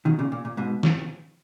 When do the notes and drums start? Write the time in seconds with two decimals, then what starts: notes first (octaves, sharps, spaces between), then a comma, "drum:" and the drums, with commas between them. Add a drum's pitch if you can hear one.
0.05 B2 D#3
0.19 A#2 C#3
0.32 A#2
0.45 A#2
0.57 G#2 B2
0.83 drum: snare